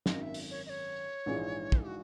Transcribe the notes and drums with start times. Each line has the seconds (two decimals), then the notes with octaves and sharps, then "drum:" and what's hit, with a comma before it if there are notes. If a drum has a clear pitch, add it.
0.06 G#1 F#2 D#3 D#5, drum: snare
0.22 E5
0.34 drum: open hi-hat
0.51 C#5
0.66 D#5
0.70 C#5
1.26 A#1 G#2 E3 G#3
1.72 drum: kick
1.86 F#4